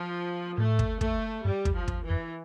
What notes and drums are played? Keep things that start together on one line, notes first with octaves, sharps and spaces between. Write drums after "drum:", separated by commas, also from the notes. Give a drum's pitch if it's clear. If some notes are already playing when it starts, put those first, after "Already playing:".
Already playing: F3
A2 A3
drum: kick
A3, drum: kick
G2 G3
F2, drum: kick
F3
drum: kick
E3
F2